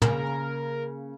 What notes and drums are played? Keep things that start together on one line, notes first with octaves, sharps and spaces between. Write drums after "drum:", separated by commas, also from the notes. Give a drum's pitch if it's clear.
C#3 A#3 A#4, drum: tom